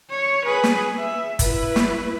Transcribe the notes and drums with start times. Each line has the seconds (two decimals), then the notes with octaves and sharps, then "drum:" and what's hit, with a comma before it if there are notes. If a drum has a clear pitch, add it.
0.10 C#5
0.45 G#4 B4
0.64 drum: snare
0.97 E5
1.39 E4 B4, drum: kick G1, hi-hat
1.76 drum: snare